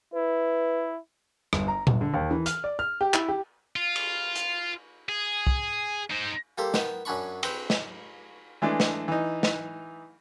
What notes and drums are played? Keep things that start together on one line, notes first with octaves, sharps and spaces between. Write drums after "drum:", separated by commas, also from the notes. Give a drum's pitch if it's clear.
E4 B4
G1, drum: rim click
A#5
G1, drum: tom A#2
D3
D#2
E3
F6, drum: hi-hat
D5
F6
G4
E4, drum: clap
G4
F4
drum: cymbal
drum: hi-hat
G#4
drum: kick
D#4 C5
G3 A#3 G4 A4 C5
B3 A#4 G5, drum: snare
F#2 F#3 C#4 D4 B5 C#6
C4 B4 G5, drum: cymbal
drum: snare
E3 G#3 A3 D4
drum: snare
E3 D#4
drum: snare